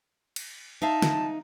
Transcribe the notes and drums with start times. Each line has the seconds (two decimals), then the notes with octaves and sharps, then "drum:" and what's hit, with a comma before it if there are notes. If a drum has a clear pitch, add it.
0.36 drum: cymbal
0.82 D#4 E5 F5 A5
1.02 drum: snare